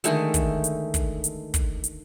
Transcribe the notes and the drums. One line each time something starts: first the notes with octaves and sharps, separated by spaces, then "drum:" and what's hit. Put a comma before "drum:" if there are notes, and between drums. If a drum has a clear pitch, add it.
D3 D#3 G#3 A3, drum: hi-hat
drum: kick, hi-hat
drum: hi-hat
drum: kick, hi-hat
drum: hi-hat
drum: kick, hi-hat
drum: hi-hat